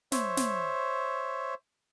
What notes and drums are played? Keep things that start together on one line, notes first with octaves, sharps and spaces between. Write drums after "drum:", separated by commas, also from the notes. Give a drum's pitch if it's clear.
C5 C#5 E5, drum: snare
drum: snare